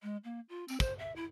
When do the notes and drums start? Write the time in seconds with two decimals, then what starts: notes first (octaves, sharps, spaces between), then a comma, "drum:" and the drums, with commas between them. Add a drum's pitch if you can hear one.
0.03 G#3
0.24 A#3
0.49 F4
0.68 C4, drum: tambourine
0.80 C5, drum: kick, tambourine
0.99 E5
1.16 E4